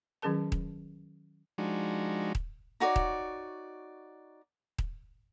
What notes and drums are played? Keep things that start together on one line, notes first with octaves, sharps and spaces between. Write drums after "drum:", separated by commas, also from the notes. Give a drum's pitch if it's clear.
D#3 F#3 C#4 G#4 A#4 A5
drum: kick D#1
F3 G#3 D4 D#4 F#4
drum: kick D#1
D#4 F#4 C#5 D5
drum: kick D#1
drum: kick D#1